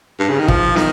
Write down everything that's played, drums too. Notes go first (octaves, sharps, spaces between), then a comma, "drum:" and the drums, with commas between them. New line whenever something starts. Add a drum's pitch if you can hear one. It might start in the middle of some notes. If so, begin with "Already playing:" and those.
G2
C#3
D#3
F3, drum: kick
D#3, drum: snare